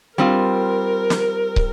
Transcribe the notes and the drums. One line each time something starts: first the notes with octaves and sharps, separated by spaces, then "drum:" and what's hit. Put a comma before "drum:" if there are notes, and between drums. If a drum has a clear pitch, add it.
G3 C4 F4 A#4
drum: snare
drum: kick